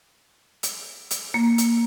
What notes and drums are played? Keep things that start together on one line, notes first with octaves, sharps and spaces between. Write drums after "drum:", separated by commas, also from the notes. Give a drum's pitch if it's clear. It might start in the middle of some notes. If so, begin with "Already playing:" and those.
drum: hi-hat
drum: hi-hat
A#3
drum: hi-hat